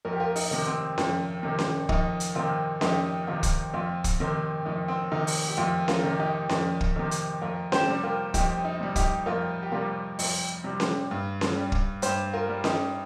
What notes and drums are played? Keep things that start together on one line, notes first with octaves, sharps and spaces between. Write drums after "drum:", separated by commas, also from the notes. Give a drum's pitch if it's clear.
F2 A#4
G4
F4 A#4
D#4, drum: open hi-hat
C3 D#3
C4
F2, drum: snare C#4
C3 D#3
drum: snare C#4
F2 D#4, drum: kick
drum: hi-hat
C3 D#3 C4 F4
F2 D#4 G4, drum: snare C#4
C3 D#3 F4 A#4
drum: kick, hi-hat
F2 C4 F4
drum: kick, hi-hat
C3 D#3 C4
F2 D#4
C4
C3 D#3 D#4
drum: open hi-hat
G4
F2 C4 F4
F4 A#4, drum: snare C#4
C3 D#3
D#4 G4
F2, drum: snare C#4
drum: kick
C3 D#3
drum: hi-hat
F2 F4 A#4
G4 C5, drum: snare C#4
C3 G3
F4 A#4
F2 D#4 G4, drum: kick, hi-hat
D#4
C3 G3
D#4 G4, drum: kick, hi-hat
F2 F4 A#4
G4
C3 G3 F4 A#4
F2, drum: open hi-hat
C3 G3
drum: snare C#4
G2
drum: snare C#4
G3
drum: kick
G2 G4 C5, drum: hi-hat
F4 A#4
G3
D#4 G4, drum: snare C#4